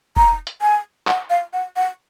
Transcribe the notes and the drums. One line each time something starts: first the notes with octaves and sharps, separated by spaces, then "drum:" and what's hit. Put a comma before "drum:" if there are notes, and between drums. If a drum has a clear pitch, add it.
A#5, drum: kick F1
drum: hi-hat
G#5
F#5, drum: clap
F5
F#5
F#5